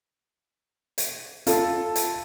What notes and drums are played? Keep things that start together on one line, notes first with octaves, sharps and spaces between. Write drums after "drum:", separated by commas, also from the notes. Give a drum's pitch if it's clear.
drum: hi-hat
F4 A4, drum: hi-hat
drum: hi-hat